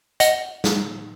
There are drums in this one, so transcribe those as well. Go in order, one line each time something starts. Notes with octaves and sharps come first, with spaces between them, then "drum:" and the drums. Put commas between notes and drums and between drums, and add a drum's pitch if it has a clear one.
D#5 F#5, drum: hi-hat
drum: snare